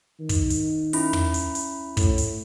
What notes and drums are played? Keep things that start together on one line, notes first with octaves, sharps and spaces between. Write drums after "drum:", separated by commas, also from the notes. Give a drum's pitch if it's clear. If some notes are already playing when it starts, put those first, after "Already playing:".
D#3
drum: kick, hi-hat
drum: hi-hat
C#4 E4 B5, drum: open hi-hat
drum: tom
drum: hi-hat
drum: hi-hat
A2, drum: kick, hi-hat
drum: hi-hat